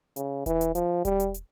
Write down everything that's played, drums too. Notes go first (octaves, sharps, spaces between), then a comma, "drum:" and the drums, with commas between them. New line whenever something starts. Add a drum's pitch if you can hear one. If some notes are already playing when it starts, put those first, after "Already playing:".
C#3, drum: hi-hat
E3, drum: kick E1, hi-hat
drum: hi-hat
F3, drum: hi-hat
G3, drum: kick E1, hi-hat
drum: hi-hat
drum: hi-hat